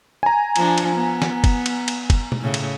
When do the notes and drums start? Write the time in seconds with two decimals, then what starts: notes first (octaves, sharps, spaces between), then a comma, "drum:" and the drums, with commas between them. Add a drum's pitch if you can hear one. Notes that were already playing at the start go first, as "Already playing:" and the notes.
0.23 G#5 A#5
0.56 F3 D4, drum: cymbal
0.78 drum: cymbal
0.95 B3
1.22 drum: snare
1.44 drum: kick F#1, cymbal
1.66 drum: cymbal
1.88 drum: cymbal
2.10 drum: kick F#1, cymbal
2.32 drum: tom B2
2.41 A2 C#3
2.54 drum: cymbal